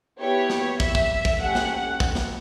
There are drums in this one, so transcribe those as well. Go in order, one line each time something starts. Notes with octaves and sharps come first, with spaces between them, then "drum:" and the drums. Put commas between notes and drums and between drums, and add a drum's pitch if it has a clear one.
B3 E4 G4 C#5
drum: snare
E5, drum: kick
drum: kick
drum: kick
A3 C#4 G4 F#5
drum: snare
drum: kick
drum: snare